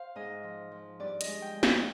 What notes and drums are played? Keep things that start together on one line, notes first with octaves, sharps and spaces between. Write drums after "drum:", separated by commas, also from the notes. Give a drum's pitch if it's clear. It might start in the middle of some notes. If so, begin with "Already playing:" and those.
Already playing: C5 F5
G#2 D#5
F3
F3
G2 D5
D#5, drum: hi-hat
G#3
G5
G#3
F5, drum: snare